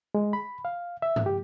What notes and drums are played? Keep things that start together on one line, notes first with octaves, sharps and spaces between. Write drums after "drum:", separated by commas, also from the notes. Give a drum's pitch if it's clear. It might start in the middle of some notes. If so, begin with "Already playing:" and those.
G#3
B5
F5
E5
drum: tom G2
G4